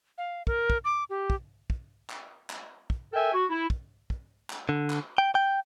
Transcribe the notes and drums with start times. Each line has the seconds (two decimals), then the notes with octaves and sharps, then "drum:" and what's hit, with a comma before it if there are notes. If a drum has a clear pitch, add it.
0.18 F5
0.47 A#4, drum: kick
0.70 drum: kick
0.85 D6
1.10 G4
1.30 drum: kick
1.70 drum: kick
2.10 drum: clap
2.50 drum: clap
2.90 drum: kick
3.13 A4 A#4 E5 G5 G#5
3.32 F#4
3.50 E4
3.70 drum: kick
4.10 drum: kick
4.50 drum: clap
4.69 D3
4.90 drum: clap
5.18 G5
5.35 G5